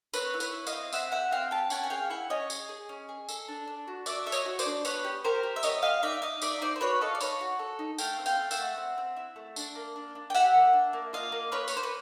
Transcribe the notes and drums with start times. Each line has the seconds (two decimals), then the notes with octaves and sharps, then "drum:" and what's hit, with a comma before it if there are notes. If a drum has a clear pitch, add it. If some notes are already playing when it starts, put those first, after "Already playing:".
0.14 C4 B4 C#5, drum: tambourine
0.34 E4
0.40 B4 C#5, drum: tambourine
0.53 E4
0.67 D#5 F5, drum: tambourine
0.72 C4
0.92 C4 E5 F#5, drum: tambourine
1.12 G4 E5 F#5
1.31 C4 F5 G5
1.51 G4 G5 A5
1.70 C#4 F#5 G#5, drum: tambourine
1.84 G#5
1.90 G#4 F5 G5
2.10 E4 F#5 G#5
2.30 C#4 C#5 D#5
2.50 G#4, drum: tambourine
2.69 G#4
2.89 C#4
3.09 G#4
3.29 A4, drum: tambourine
3.48 D4
3.67 D4
3.88 F#4
4.06 F#4 D5 E5, drum: tambourine
4.26 A4 E5
4.32 C#5 D#5, drum: tambourine
4.46 F#4
4.59 C5 D5, drum: tambourine
4.66 D4
4.85 B3 B4 C#5, drum: tambourine
5.04 G4
5.24 G4 A#4 C5
5.43 G4
5.56 E5
5.63 B3 C#5 D#5, drum: tambourine
5.82 G4 D#5 F5
6.03 D#4 D5 E5
6.22 D#4 D#5 F5
6.42 D#4 D5 E5, drum: tambourine
6.61 D#4 C5 D5
6.76 C5
6.81 F#4 B4 C#5
7.01 A4 D#5 F5
7.15 D5
7.20 D#4 B4 C#5, drum: tambourine
7.41 F#4
7.59 A4
7.79 D#4
7.98 A3 F5 G5, drum: tambourine
8.19 C4
8.26 F5 G5, drum: tambourine
8.39 A3
8.51 E5 F#5, drum: tambourine
8.59 A3
8.77 C4
8.98 C4
9.17 E4
9.36 A3
9.56 D4, drum: tambourine
9.75 A#3
9.96 D4
10.15 D4
10.30 G5
10.34 G4 E5 F#5, drum: tambourine
10.54 A#3
10.73 D4
10.93 A#3
11.13 F4 D#5 F5
11.32 A#3
11.52 A#3 B4 C#5
11.68 C#5, drum: tambourine
11.72 A#3 C5
11.83 B4